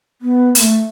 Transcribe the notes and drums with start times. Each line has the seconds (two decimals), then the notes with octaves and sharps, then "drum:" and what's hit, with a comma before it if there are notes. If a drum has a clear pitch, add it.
0.21 B3
0.55 A#3, drum: hi-hat
0.61 A3